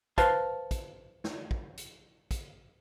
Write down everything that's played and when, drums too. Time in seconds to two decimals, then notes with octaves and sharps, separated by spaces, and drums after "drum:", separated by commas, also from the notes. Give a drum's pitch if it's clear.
0.18 B4 C5 F5 A5, drum: kick, hi-hat
0.71 drum: kick, hi-hat
1.24 drum: snare
1.51 drum: kick
1.77 drum: hi-hat
2.31 drum: kick, hi-hat